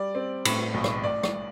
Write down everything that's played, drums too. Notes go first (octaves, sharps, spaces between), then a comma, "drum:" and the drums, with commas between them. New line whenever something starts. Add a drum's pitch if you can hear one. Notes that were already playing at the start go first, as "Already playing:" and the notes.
Already playing: G3 D5
C4
A2, drum: cymbal
B1
drum: rim click
A1 D5
drum: rim click